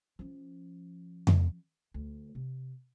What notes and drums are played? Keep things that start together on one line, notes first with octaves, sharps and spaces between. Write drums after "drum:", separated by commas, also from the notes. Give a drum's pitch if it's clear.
F3 C#4
drum: tom F2
D2
C3